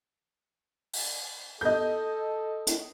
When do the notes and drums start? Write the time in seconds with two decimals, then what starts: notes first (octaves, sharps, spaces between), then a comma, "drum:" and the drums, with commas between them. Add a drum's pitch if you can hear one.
0.93 drum: open hi-hat
1.61 A4 D#5 G6
2.67 drum: hi-hat